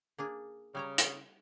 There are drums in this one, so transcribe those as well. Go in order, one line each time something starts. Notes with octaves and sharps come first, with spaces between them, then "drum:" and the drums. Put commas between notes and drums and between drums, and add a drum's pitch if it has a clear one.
A#3 D4 G#4
C#3 G3 C#5 A#5
drum: hi-hat